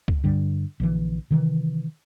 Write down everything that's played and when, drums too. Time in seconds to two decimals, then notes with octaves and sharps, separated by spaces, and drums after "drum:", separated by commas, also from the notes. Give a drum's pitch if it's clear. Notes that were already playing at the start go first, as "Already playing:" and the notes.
0.08 drum: kick C#2
0.24 G2 D3 G3
0.80 A#1 D3 E3
1.31 C3 D#3 E3